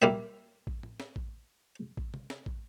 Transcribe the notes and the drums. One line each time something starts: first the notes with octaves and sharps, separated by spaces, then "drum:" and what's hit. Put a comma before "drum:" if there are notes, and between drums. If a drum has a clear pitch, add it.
G3 A#3 E5
drum: kick
drum: tom A2
drum: snare
drum: kick
drum: kick
drum: tom C3
drum: snare
drum: kick